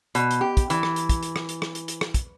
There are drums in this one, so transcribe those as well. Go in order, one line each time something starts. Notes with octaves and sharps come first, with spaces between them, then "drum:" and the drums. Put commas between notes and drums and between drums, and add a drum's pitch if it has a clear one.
B2, drum: hi-hat
drum: hi-hat
G4
drum: kick, hi-hat
E3, drum: hi-hat
drum: rim click
drum: hi-hat
drum: kick, hi-hat
drum: hi-hat
drum: rim click
drum: hi-hat
drum: rim click
drum: hi-hat
drum: hi-hat
drum: rim click
drum: kick, hi-hat